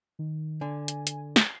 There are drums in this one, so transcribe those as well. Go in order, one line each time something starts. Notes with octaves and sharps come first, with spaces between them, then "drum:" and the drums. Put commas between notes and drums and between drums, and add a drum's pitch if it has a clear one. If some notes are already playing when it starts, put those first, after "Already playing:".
D#3
D3 G#5
drum: hi-hat
drum: hi-hat
C7, drum: snare